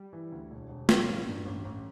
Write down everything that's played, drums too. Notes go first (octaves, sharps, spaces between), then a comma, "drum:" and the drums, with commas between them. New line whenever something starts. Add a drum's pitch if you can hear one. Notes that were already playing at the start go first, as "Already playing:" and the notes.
Already playing: G3
E3
D2
E1
E1
E1, drum: snare
A1
G2
A1
A1